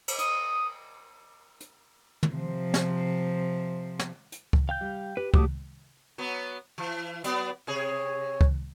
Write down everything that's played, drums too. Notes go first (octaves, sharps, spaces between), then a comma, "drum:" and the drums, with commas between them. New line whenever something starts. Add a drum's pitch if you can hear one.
drum: cymbal
D#6, drum: hi-hat
drum: hi-hat
drum: tom
C3 F3
drum: snare
drum: snare
drum: hi-hat
drum: kick C#2
F5 G5 G6
G3
G4 B4
F#3 A3 F#4 G4 D6 D#6, drum: kick C#2
F#3 B3
E3
F#3 B3 D5, drum: hi-hat
C3 G#4 C#5
drum: kick C#2